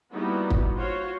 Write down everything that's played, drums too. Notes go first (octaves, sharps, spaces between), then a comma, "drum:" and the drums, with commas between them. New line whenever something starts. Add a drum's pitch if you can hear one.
G3 A#3 B3 D#4 E4 F#4
drum: kick
F4 F#4 C5 C#5 F5